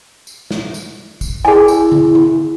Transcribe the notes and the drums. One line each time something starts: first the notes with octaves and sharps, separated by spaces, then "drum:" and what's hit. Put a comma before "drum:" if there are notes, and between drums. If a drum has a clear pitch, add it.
drum: tambourine
drum: snare
drum: tambourine
drum: kick, tambourine
E4 G#4 G#5
drum: tambourine
drum: tom D3
drum: tom